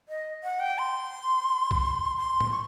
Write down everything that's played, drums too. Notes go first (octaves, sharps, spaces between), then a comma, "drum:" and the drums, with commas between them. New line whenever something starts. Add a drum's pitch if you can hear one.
D#5
F#5
G5
C6
drum: kick B1
C6
drum: tom A2
C#6